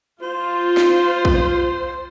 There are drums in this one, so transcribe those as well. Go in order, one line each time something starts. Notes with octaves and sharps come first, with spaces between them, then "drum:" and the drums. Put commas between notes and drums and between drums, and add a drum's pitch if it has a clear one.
F4 C5
drum: snare
drum: kick A#1